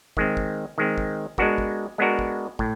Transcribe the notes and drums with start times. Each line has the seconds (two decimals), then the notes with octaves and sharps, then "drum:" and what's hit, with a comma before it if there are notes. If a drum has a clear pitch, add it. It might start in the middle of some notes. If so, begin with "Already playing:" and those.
0.17 D#3 G#3 C4, drum: kick
0.37 drum: kick
0.78 D#3 G#3 C4
0.98 drum: kick
1.38 G#3 B3 D4 F#4 A#4, drum: kick
1.58 drum: kick
1.98 G#3 B3 D4 F#4 A#4
2.19 drum: kick
2.59 A2, drum: kick